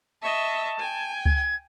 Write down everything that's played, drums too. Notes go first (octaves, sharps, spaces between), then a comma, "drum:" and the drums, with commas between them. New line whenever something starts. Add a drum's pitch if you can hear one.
D#5 E5 A5 C#6
G5 G#5
G#6, drum: kick C#2